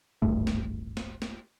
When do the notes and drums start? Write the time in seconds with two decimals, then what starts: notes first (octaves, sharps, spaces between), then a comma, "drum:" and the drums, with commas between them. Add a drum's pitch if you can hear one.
0.22 D1 G#1 G2 A3
0.47 drum: snare
0.97 drum: snare
1.22 drum: snare